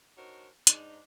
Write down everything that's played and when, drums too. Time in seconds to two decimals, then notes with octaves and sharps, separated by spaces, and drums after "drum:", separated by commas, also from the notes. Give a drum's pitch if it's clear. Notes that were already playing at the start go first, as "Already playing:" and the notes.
0.17 D4 D#4 F#4 A#4 C5 C#5
0.67 G#2 D4 D#4, drum: hi-hat